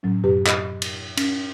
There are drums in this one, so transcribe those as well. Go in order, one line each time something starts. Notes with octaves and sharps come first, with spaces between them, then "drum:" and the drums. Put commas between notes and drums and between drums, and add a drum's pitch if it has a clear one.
A2 F#3 C#4
F#2 B2 G4 B4
D#5 B5, drum: clap
drum: cymbal
C#4, drum: cymbal